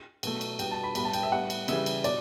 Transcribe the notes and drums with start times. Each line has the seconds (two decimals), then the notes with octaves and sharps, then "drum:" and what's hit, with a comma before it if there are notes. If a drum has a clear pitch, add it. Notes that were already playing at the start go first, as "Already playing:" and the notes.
0.23 B2 F#3 A3, drum: cymbal
0.41 drum: cymbal
0.59 B2 G3 B3 G5, drum: cymbal
0.71 A5
0.84 B5
0.95 A2 G3 B3 B5, drum: cymbal
1.05 A5
1.13 G5, drum: cymbal
1.23 E5
1.32 A2 G3 B3 F#5
1.50 drum: cymbal
1.68 C#3 E3 G3 E5, drum: cymbal
1.86 drum: cymbal
2.04 B2 D5, drum: cymbal